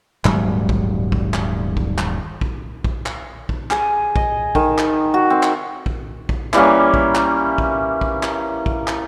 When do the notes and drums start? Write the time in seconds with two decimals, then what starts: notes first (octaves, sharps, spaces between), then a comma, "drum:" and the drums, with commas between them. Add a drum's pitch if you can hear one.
0.25 D#1 G#2 F#3 G3, drum: clap
0.69 drum: kick
1.12 drum: kick
1.34 drum: clap
1.77 drum: kick
1.98 drum: clap
2.41 drum: kick
2.84 drum: kick
3.06 drum: clap
3.49 drum: kick
3.71 G#4, drum: clap
4.16 D#5, drum: kick
4.55 D#3, drum: kick
4.78 drum: clap
5.14 F#4
5.30 C4
5.43 drum: clap
5.86 drum: kick
6.29 drum: kick
6.53 E3 G3 A#3 C#4, drum: clap
6.94 drum: kick
7.15 drum: clap
7.58 drum: kick
8.01 drum: kick
8.23 drum: clap
8.66 drum: kick
8.88 drum: clap